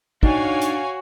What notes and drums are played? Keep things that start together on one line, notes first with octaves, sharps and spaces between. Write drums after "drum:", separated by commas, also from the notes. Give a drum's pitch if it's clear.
D4 D#4 F#4 C#5 F5 G#5, drum: kick
drum: hi-hat